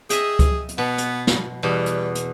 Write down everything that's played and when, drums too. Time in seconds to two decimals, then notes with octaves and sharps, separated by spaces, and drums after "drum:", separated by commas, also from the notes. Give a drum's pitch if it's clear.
0.10 G#4 D#5 E5 G5, drum: hi-hat
0.39 drum: kick C#2, hi-hat
0.69 drum: hi-hat
0.78 B2 B3
0.98 drum: hi-hat
1.27 drum: snare
1.63 E2 B2 G3
1.86 drum: hi-hat
2.15 drum: hi-hat